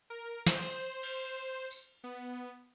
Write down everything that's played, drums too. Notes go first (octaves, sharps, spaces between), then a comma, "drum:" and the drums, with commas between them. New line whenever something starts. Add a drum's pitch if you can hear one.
A#4
C5, drum: snare
drum: cymbal
drum: cymbal
drum: tambourine
B3